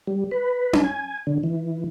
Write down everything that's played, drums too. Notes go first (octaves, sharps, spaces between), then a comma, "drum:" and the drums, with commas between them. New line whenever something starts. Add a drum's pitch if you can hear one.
G3
B4
drum: tom C#4
G#5
D3
E3